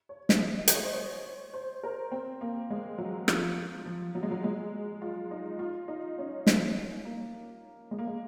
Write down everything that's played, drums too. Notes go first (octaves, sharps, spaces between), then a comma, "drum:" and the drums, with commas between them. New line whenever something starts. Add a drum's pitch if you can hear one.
C#5
drum: snare
D#5
D#5, drum: hi-hat
C#5
C5
C#5
C5
A#4
C4
A#3
G#3
F#3
F3, drum: rim click
F3
F#3
G#3
F#3
G#3
F4
D#4
F4
D#4
C#4
A#3, drum: snare
A#3
G#3
A#3
G#3